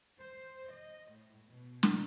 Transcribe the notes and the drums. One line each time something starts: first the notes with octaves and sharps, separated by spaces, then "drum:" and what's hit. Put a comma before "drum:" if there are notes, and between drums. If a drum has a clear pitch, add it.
C5
D#5
A2
B2
drum: snare